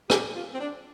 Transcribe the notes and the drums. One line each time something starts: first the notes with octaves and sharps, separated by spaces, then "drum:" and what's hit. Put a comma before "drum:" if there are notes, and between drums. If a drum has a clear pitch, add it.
G4, drum: rim click
F4
C4
D4